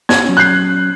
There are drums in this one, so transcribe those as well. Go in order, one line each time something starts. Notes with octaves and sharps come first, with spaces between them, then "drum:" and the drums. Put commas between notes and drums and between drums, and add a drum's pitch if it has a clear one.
G#6, drum: snare
F#3 C#4
F#6 G6 C7